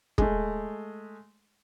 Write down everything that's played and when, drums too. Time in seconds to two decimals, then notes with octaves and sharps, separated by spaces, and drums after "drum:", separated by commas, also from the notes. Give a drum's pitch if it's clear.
0.18 G#3 A3, drum: kick